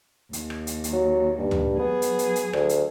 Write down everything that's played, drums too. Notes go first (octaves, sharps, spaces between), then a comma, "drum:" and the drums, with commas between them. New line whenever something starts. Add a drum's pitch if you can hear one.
D#2, drum: hi-hat
drum: rim click
drum: hi-hat
drum: hi-hat
F#3
G2
drum: tom
F#3 B3 G#4
drum: hi-hat
drum: hi-hat
drum: hi-hat
D2, drum: rim click
drum: hi-hat